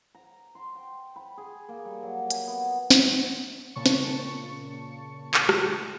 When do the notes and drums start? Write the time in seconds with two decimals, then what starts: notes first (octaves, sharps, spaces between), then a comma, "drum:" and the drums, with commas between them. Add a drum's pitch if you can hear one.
0.15 A#5
0.55 C6
0.75 G5
1.16 B5
1.38 G#4
1.69 A#3
1.85 G3
2.03 F#3
2.30 G#5, drum: hi-hat
2.47 B3
2.90 drum: snare
3.75 A#2 C#3 A5 C#6 C#7
3.86 drum: snare
5.34 drum: clap
5.49 drum: rim click